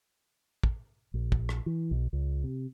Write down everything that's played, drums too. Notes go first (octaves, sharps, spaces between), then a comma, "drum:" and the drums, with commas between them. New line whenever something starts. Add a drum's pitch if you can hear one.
drum: kick
A#1
drum: kick
drum: rim click
E3
B1
C#2
C3